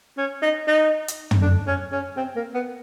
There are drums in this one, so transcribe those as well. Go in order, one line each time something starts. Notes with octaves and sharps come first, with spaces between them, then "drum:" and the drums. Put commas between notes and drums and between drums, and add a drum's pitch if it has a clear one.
C#4
D#4
D#4
drum: hi-hat
drum: tom
D4
C#4
C#4
C4
A#3
B3